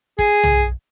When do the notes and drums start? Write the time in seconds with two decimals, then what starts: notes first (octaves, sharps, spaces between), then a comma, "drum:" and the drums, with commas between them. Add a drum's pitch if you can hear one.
0.19 G#4, drum: kick
0.44 drum: tom B1